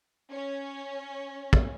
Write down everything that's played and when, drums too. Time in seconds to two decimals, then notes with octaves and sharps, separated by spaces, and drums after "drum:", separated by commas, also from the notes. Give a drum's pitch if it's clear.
0.32 C#4
1.53 drum: kick